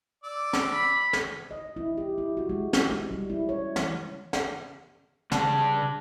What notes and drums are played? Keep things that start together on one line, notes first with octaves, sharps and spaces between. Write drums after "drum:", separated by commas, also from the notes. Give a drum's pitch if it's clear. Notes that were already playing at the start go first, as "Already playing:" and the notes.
D5 E6
drum: snare
B5
drum: snare
D#5
E4
G4
E4
F#4
G#3
drum: snare
G#3
G3
E4
C#5
E3, drum: snare
drum: snare
G2 C#3 A5, drum: snare